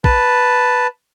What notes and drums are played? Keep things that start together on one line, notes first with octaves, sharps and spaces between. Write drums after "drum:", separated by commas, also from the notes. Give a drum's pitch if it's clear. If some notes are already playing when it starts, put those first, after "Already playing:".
B4 A5, drum: kick A#1